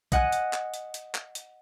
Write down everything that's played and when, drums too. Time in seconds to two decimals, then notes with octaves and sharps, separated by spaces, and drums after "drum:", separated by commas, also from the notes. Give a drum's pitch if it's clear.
0.12 D#5 F#5 G#5 F#6 D#7, drum: kick, hi-hat
0.32 drum: hi-hat
0.53 drum: clap
0.74 drum: hi-hat
0.94 drum: hi-hat
1.15 drum: clap
1.35 drum: hi-hat